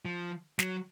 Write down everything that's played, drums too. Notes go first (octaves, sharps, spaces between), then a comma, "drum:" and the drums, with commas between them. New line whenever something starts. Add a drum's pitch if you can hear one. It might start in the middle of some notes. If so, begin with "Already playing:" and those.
F3
F#3, drum: snare